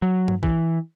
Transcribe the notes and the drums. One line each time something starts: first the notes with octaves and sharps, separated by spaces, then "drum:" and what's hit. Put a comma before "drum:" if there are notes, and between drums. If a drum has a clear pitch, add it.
F#3
drum: tom G2
E3, drum: kick